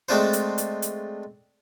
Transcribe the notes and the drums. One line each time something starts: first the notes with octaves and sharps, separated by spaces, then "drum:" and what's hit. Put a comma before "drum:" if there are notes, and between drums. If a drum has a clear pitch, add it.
G#3 A3 C4 D4 F4 C5
drum: hi-hat
drum: hi-hat
drum: hi-hat